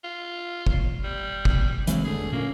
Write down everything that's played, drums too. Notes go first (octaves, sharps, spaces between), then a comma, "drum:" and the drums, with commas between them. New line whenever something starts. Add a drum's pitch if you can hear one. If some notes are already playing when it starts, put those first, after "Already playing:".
F4
drum: kick
G3
drum: kick
E3 F#3 G#3 C4, drum: hi-hat
F1 D3 A3 G#4
A#2 A#3 C#4